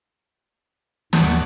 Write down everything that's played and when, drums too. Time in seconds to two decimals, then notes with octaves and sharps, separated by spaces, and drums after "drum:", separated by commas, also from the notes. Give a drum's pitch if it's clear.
1.13 D#2 G#2 F#4 C#5 D5, drum: snare